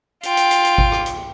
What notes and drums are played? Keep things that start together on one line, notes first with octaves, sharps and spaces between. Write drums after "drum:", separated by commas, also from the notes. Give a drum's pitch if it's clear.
F4 G5, drum: hi-hat
drum: hi-hat
drum: hi-hat
drum: hi-hat
drum: kick G#1
drum: rim click
drum: hi-hat